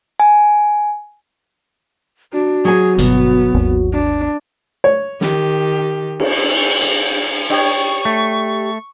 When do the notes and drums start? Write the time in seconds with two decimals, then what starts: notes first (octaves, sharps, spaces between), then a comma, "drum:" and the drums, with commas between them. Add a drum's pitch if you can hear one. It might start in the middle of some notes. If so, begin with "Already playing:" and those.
0.20 G#5
2.33 D4 F#4
2.65 F#3 G#4 G#5
2.98 G1 B2 B3, drum: hi-hat
3.54 G#1 D#2
3.93 D4
4.84 C#5
5.21 D#3 G4, drum: snare
6.20 drum: cymbal
6.81 drum: hi-hat
7.50 D4 G4 C#5 C#6
8.05 A3